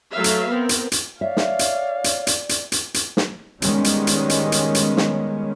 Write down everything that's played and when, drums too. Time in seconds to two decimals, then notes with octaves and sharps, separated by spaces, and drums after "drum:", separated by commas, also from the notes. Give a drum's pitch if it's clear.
0.11 F#3 A3 B4 E5 F5
0.24 drum: hi-hat
0.50 B3 C4 A#4
0.69 drum: hi-hat
0.92 drum: hi-hat
1.21 C#5 D5 E5 F5
1.37 drum: snare
1.59 drum: hi-hat
2.04 drum: hi-hat
2.27 drum: hi-hat
2.49 drum: hi-hat
2.72 drum: hi-hat
2.94 drum: hi-hat
3.17 drum: snare
3.62 D#3 G3 G#3 B3 C#4, drum: hi-hat
3.84 drum: hi-hat
4.07 drum: hi-hat
4.29 drum: hi-hat
4.52 drum: hi-hat
4.75 drum: hi-hat
4.97 drum: snare